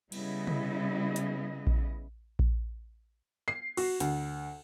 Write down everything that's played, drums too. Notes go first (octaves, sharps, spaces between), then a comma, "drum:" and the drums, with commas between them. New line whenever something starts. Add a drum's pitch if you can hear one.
C#3 G3 B3 E4 D#5, drum: cymbal
drum: tom
drum: hi-hat
drum: kick A#1
drum: kick A#1
C7
F#4, drum: cymbal
D2, drum: hi-hat